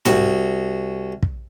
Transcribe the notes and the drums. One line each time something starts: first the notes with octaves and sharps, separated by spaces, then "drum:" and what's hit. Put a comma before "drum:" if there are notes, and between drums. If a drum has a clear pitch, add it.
C2 F#4, drum: tom
drum: kick